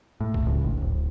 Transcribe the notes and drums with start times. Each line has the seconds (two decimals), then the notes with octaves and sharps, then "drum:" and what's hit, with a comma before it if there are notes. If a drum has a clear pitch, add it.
0.21 A2
0.34 drum: kick
0.46 C#2
0.64 G#1
0.82 D1